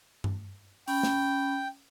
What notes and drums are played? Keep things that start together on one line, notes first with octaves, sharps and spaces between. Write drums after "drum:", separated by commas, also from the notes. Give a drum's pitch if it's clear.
drum: tom G2
C#4 G5 B5, drum: open hi-hat
drum: snare